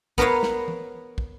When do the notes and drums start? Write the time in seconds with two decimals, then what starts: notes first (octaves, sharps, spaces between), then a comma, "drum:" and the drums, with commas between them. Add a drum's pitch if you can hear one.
0.18 B3 A#4 B4 C#5 F5, drum: kick
0.43 drum: snare
0.68 drum: tom E3
1.18 drum: kick